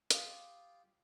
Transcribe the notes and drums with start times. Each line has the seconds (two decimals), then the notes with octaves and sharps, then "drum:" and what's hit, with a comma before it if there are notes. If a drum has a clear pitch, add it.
0.11 F4 G4 D6 D#6, drum: hi-hat